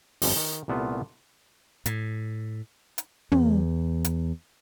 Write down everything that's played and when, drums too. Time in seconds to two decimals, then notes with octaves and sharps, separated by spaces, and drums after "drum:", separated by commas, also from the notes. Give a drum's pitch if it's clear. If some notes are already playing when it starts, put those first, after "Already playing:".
0.22 G1 F2 C4, drum: open hi-hat
0.36 D#3
0.68 C2 A#2 A3 B3 F4
1.86 A2, drum: hi-hat
2.98 drum: hi-hat
3.32 E2, drum: tom
4.05 drum: hi-hat